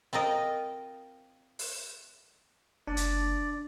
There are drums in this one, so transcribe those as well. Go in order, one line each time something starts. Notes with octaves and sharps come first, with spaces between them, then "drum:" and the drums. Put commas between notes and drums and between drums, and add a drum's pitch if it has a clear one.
C4 F4 A#4 D#5
drum: open hi-hat
F#1 D4 D5
drum: hi-hat